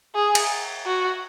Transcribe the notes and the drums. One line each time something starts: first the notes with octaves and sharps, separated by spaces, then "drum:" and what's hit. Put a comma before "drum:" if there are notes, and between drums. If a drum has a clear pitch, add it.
G#4
drum: cymbal
F#4